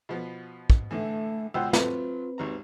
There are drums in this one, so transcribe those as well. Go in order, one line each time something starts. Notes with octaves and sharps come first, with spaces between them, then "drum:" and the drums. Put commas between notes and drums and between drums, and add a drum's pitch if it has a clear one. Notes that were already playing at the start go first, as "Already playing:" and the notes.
B2 F3 B3
drum: kick
A2 D3 E3 A3
C#2 B2 F4 C5 F#5 G5 E6
F#3 A3 C4 B4, drum: snare
G#1 D#2 A#5